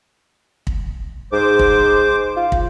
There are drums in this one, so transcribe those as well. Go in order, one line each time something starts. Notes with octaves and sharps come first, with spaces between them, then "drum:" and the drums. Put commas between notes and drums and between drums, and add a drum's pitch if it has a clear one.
drum: kick
G#2 C5 D6
drum: kick
F4
drum: kick